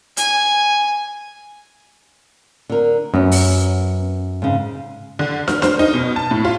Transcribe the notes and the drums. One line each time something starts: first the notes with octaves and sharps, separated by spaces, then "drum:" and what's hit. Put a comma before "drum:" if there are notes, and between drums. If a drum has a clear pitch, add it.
G#5, drum: hi-hat
D3 A#4
F#2 B3 C#4
drum: open hi-hat
G#2 C#3
D3
F6, drum: snare
C5, drum: snare
D#4
B2
A5
A2
F4